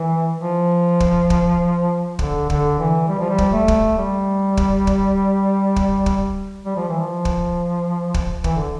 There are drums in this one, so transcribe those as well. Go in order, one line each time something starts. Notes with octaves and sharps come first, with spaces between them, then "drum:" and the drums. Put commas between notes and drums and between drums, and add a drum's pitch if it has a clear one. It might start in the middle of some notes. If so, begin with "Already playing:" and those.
Already playing: E3
F3
drum: kick
drum: kick
D3, drum: kick
D3, drum: kick
E3
G3
F3
G3
drum: kick
A3
drum: kick
G3
drum: kick
drum: kick
drum: kick
drum: kick
G3
F3
E3
F3
drum: kick
drum: kick
E3, drum: kick
D3